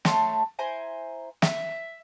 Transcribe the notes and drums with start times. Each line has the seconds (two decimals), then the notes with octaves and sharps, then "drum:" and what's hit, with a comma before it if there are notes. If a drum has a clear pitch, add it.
0.05 A3 C#5 A5 C6, drum: snare
0.59 E4 C5 G#5 A#5
1.42 E5, drum: snare